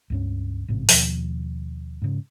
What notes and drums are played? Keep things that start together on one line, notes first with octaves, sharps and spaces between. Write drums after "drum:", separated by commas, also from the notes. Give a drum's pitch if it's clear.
C#2 G2 C#4
A1 G#2 C3
D#2 B2 F3, drum: open hi-hat
G#2 C#3